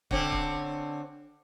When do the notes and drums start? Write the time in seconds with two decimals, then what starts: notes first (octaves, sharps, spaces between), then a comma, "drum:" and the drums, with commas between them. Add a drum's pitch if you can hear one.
0.11 D3 C4 C#4, drum: kick
0.32 drum: kick